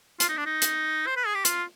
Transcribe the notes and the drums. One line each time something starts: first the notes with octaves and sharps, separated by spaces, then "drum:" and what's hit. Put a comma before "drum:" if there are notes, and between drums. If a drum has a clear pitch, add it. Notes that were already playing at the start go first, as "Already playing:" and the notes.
F4, drum: hi-hat
D#4
D4
D#4
drum: hi-hat
C5
B4
G#4
G4
F4, drum: hi-hat